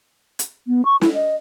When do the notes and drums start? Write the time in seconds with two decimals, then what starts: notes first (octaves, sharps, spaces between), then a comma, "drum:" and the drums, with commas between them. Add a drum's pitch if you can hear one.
0.39 drum: hi-hat
0.68 B3
0.85 C#6
1.01 E4, drum: snare
1.14 D#5